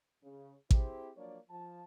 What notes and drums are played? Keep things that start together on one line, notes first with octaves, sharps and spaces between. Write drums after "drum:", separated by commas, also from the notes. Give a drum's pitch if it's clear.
C#3
C4 E4 G4 G#4 C5, drum: kick A1
F3 F#3 A#3 D4 C#5 D5
F3 A5